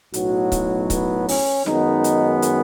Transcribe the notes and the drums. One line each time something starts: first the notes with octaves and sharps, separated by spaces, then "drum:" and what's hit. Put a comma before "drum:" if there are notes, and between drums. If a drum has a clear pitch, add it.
B1 A2 F#3 B3 F#4, drum: hi-hat
drum: kick C#1, hi-hat
B3, drum: kick C#1, hi-hat
C#4, drum: open hi-hat
F#2 D#3 G#3 B3 D#4, drum: snare
drum: hi-hat
drum: hi-hat